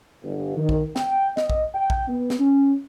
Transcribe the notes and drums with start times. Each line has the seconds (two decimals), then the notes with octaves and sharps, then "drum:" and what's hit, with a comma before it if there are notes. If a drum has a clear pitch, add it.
0.24 G1
0.57 D#3
0.69 drum: kick A#1
0.96 G5, drum: snare
1.37 D#5, drum: snare
1.50 drum: kick A#1
1.75 G5
1.90 drum: kick A#1
2.08 B3
2.30 drum: snare
2.40 C#4